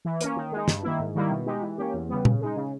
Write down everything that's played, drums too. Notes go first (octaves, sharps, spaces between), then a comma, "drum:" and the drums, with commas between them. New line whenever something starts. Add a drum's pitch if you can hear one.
E3
A#3 C#4, drum: hi-hat
D#3
G#3 D#4
G2, drum: snare
D#3 A#3 E4
G#2
D#3 G3 A#3 E4
B2
G#3 D#4 G4
E3
A#3 C#4 G4
E2
C#3 G3 B3
C#3, drum: tom A#2
G#3 D#4
C#3